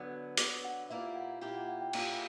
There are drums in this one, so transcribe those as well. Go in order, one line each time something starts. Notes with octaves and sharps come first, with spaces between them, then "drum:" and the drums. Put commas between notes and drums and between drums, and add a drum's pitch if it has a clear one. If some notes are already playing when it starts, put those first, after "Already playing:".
Already playing: D3 F#3 B3
D3 F#3 B3 D6, drum: hi-hat
F#5
A#2 A#3 E4 G4 E5
F#5
A#2 A#3 E4 G4
F#5
F#5
G5
A#2 A#3 E4 G4, drum: cymbal